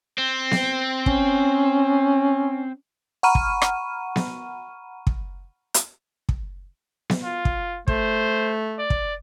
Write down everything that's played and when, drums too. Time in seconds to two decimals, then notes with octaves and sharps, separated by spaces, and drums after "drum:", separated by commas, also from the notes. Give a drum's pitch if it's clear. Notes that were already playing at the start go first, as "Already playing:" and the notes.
0.18 C4
0.51 drum: snare B3
1.06 C#4, drum: kick
3.23 F#5 A#5 B5 C#6 F6 D#7
3.35 drum: kick
3.62 drum: rim click
4.16 drum: snare B3
5.07 drum: kick
5.74 drum: hi-hat
6.29 drum: kick
7.10 drum: snare B3
7.24 F4
7.45 drum: kick
7.88 A3 C5, drum: kick
8.79 D5
8.90 drum: kick